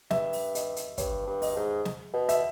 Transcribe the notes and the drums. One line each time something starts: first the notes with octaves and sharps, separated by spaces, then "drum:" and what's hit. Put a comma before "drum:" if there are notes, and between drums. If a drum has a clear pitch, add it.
G2 E5, drum: snare
drum: open hi-hat
D#5, drum: hi-hat
drum: hi-hat
G2 C#5, drum: kick, hi-hat
G2
D#5, drum: open hi-hat
G#2
drum: snare
B2
E5, drum: hi-hat